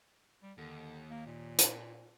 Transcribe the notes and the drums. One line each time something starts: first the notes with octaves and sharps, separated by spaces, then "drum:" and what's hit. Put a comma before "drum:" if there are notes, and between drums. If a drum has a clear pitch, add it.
G3
D#2 D3
A#3
A#2
drum: hi-hat